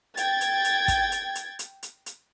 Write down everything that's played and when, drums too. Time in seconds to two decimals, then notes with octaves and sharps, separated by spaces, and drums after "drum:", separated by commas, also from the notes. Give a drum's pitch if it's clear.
0.17 G5 G#6 A6, drum: hi-hat
0.41 drum: hi-hat
0.64 drum: hi-hat
0.88 drum: kick, hi-hat
1.12 drum: hi-hat
1.35 drum: hi-hat
1.59 drum: hi-hat
1.83 drum: hi-hat
2.06 drum: hi-hat